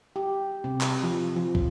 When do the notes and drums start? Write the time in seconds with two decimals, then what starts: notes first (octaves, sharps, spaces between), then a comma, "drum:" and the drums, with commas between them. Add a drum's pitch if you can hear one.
0.16 G4
0.64 C3
0.81 drum: clap
1.03 F3
1.36 F3
1.55 drum: kick